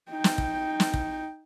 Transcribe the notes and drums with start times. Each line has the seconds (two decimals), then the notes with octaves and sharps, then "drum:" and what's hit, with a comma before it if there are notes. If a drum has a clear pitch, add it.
0.10 D#4 G5
0.24 drum: snare
0.38 drum: kick
0.80 drum: snare
0.94 drum: kick